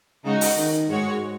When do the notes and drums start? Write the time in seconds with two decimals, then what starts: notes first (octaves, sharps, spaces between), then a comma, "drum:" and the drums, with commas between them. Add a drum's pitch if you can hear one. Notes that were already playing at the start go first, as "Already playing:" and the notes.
0.24 C#3 G#3 D#4 F#4
0.41 drum: open hi-hat
0.57 D#3
0.88 G#2 G#3 F#4 C#5